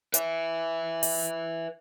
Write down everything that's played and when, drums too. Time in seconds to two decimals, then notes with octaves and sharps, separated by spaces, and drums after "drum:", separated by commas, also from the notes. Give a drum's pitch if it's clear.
0.14 B4 E5, drum: hi-hat
1.03 drum: open hi-hat